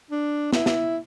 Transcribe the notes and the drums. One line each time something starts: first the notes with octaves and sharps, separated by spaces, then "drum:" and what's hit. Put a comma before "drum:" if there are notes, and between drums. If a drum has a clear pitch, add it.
D4
E4, drum: snare
drum: snare